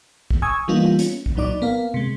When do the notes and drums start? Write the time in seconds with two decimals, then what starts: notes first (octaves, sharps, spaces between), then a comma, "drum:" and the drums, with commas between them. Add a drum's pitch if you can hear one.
0.31 drum: kick A#1
0.42 G#5 C#6 D#6 E6 G#6
0.68 E3 G3 A#3 B3 D#4 F4
0.99 C#4, drum: hi-hat
1.26 drum: kick A#1
1.35 C2 A#2 F#3 D#4 D5 D6
1.62 B3 A#4 F5
1.94 C3 G#3